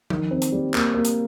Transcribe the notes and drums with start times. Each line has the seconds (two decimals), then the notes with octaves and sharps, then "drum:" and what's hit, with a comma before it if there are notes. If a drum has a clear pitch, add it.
0.10 D#3, drum: tom F3
0.31 C4
0.42 drum: hi-hat
0.52 G3
0.74 A#3, drum: clap
0.94 A#3
1.05 drum: hi-hat